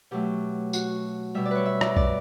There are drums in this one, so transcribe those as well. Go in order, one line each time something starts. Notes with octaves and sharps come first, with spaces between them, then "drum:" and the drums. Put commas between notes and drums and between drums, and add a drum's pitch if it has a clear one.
B2 F#3 A3 G4
F#4, drum: tambourine
B2 G3 E5
D5
B4 C#5
E5
D5, drum: rim click
D5, drum: kick A#1